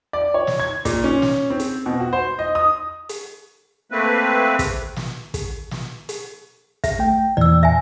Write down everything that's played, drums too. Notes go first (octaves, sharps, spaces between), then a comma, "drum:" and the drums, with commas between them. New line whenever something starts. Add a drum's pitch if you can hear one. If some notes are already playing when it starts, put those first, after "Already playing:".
D5
C#5
drum: snare
G#6
A#2, drum: kick, hi-hat
C#4
drum: snare
C4
drum: hi-hat
B2
F#4
C5
D#5
D#6
drum: hi-hat
A3 A#3 C4 B4
drum: kick, hi-hat
drum: snare
drum: kick, hi-hat
drum: snare
drum: hi-hat
E5, drum: kick, hi-hat
A3 G5
E2 A#2 E3 D5 E6
E5 G#5